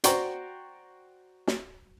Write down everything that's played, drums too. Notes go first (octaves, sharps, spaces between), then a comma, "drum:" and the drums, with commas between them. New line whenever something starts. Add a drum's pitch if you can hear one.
F#4 C5 D5 G5 A#5 C#6, drum: hi-hat
drum: snare